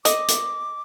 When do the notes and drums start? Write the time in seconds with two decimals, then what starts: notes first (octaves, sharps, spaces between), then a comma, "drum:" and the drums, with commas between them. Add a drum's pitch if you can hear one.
0.05 D#5 D6, drum: hi-hat
0.28 drum: hi-hat